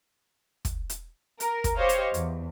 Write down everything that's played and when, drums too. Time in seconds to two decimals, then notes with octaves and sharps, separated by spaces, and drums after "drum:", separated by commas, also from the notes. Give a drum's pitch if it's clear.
0.65 drum: kick, hi-hat
0.90 drum: hi-hat
1.40 A#4, drum: hi-hat
1.64 drum: kick, hi-hat
1.75 G4 C5 C#5 D#5 F5
1.89 drum: hi-hat
2.14 E2, drum: hi-hat